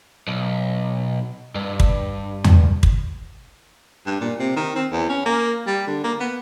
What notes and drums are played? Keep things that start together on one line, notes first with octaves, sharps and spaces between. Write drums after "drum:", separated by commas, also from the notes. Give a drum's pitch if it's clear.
B1
G2
drum: kick
drum: tom E2
drum: kick
G2
A#2
C3
D#3
C4
E2
C#4
A#3
G3
D3
A#3
B3